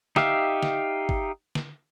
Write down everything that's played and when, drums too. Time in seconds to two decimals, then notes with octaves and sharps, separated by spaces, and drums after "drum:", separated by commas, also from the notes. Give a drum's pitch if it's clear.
0.16 D#4 G4 E5 F5, drum: snare
0.63 drum: snare
1.09 drum: kick
1.55 drum: snare